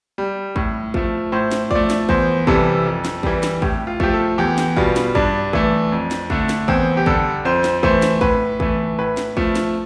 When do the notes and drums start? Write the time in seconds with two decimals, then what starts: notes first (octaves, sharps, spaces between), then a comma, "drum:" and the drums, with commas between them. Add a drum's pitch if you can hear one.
0.18 G3
0.56 A2, drum: kick
0.94 F3 A3, drum: kick
1.32 A2 C5
1.51 drum: snare
1.71 F3 A3 D5, drum: kick
1.90 drum: snare
2.09 E2 C5, drum: kick
2.47 C3 E3 G3 A4, drum: kick
2.85 F2
3.05 drum: snare
3.23 E3 G3, drum: kick
3.43 drum: snare
3.62 A2 G4, drum: kick
3.87 F4
4.00 F3 A3 G4, drum: kick
4.13 A4
4.38 E2 G4
4.58 drum: snare
4.77 B2 G3 F4, drum: kick
4.96 drum: snare
5.15 G2 D4, drum: kick
5.53 E3 A3, drum: kick
5.92 F2
6.11 drum: snare
6.30 D3 A3, drum: kick
6.49 drum: snare
6.68 E2 C4, drum: kick
6.97 G4
7.06 D3 G3 A4, drum: kick
7.45 F2 C5
7.64 drum: snare
7.83 E3 A3 C5, drum: kick
8.02 drum: snare
8.21 A2 B4, drum: kick
8.60 E3 A3, drum: kick
8.99 A2 B4
9.17 drum: snare
9.37 F3 A3, drum: kick
9.55 drum: snare